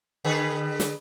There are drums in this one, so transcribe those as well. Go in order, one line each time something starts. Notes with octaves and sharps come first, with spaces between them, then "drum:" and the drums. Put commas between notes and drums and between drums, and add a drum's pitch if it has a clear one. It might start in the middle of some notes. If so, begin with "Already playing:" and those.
D3 G#4 B4
drum: snare